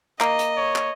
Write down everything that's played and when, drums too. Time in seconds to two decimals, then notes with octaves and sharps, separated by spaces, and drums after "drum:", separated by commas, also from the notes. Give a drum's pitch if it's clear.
0.20 A#3 D#5, drum: clap
0.39 drum: hi-hat
0.57 C#5
0.76 drum: clap